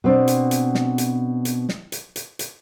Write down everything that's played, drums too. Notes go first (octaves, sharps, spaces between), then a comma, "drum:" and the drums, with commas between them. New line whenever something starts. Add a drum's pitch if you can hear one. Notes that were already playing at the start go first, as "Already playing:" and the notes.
B2 C4 D4
drum: hi-hat
drum: hi-hat
drum: snare
drum: hi-hat
drum: hi-hat
drum: snare
drum: hi-hat
drum: hi-hat
drum: hi-hat